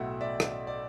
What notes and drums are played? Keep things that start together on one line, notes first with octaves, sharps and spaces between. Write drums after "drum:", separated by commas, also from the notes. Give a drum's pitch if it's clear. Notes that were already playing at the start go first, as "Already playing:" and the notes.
Already playing: B1 A2 F#3 E5 F#5
D5 E5
drum: rim click
D5